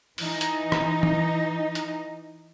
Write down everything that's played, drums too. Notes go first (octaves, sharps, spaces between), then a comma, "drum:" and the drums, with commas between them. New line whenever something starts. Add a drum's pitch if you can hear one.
E3 D#4, drum: open hi-hat
drum: hi-hat
drum: rim click
drum: tom E3
drum: hi-hat